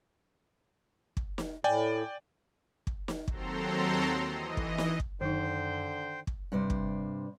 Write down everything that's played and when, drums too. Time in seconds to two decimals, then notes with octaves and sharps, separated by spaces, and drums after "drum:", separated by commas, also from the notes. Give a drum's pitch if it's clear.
1.17 drum: kick
1.38 drum: snare
1.64 A2 D5 G5 G#5
2.87 drum: kick
3.08 drum: snare
3.28 D#2 F#3 C4 A4 A#5 C6, drum: kick
4.28 E3 D#5
4.57 drum: kick
4.78 drum: snare
5.00 drum: kick
5.21 F#2 D3 D#3 D#4 C5 G5
6.27 drum: kick
6.52 G2 C3 C5 D5
6.70 drum: kick